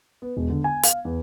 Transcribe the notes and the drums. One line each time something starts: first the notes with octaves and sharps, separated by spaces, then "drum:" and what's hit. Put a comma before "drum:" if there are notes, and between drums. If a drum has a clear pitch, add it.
B3
E1
D3
G#5
F5, drum: hi-hat
E2